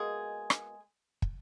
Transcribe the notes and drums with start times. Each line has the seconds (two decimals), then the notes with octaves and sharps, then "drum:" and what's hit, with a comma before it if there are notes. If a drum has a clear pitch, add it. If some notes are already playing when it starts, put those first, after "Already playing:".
Already playing: B2 G#3 A#3 G#4
0.50 drum: rim click
1.22 drum: kick